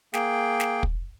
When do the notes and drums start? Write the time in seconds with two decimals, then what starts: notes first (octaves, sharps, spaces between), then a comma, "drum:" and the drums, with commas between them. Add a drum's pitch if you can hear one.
0.14 A#3 G#4 G5, drum: snare
0.60 drum: snare
0.83 drum: kick